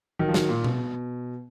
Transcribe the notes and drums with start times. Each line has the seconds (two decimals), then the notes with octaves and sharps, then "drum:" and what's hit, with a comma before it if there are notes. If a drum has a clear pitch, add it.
0.19 D#3 F#3
0.28 F3
0.34 D#3 F#3, drum: snare
0.49 A#2
0.64 B2, drum: tom B2